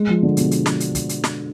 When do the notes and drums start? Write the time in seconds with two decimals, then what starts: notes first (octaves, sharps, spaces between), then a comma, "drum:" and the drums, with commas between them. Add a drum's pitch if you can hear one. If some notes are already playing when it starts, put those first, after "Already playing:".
Already playing: G#3
0.08 F3
0.23 D3
0.37 B2, drum: hi-hat
0.51 drum: hi-hat
0.66 drum: snare
0.80 drum: hi-hat
0.95 drum: kick, hi-hat
1.09 drum: hi-hat
1.24 drum: snare